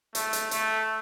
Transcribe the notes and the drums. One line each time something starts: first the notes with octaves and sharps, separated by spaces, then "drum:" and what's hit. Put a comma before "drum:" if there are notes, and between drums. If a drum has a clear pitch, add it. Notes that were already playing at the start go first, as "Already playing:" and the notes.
A3, drum: hi-hat
drum: hi-hat
A3, drum: hi-hat